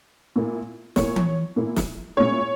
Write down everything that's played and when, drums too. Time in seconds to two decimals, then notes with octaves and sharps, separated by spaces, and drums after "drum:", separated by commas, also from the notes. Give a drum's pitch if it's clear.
0.36 A#2 A#3 E4
0.96 A#2 A#3 E4 C#5, drum: snare
1.16 drum: tom E3
1.56 A#2 A#3 E4
1.76 drum: snare
2.17 A#2 G#3 C#4 E4 C#5